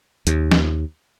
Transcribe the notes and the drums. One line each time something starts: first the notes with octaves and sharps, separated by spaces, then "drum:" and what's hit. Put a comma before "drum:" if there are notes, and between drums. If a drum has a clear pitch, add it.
D#2, drum: hi-hat
drum: snare